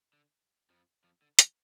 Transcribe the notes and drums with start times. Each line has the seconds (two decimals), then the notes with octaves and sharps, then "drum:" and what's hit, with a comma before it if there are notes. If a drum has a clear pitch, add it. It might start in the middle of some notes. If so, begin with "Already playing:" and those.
0.13 D3
0.70 F2 F3
1.04 F2 F3
1.22 D3
1.39 E3, drum: hi-hat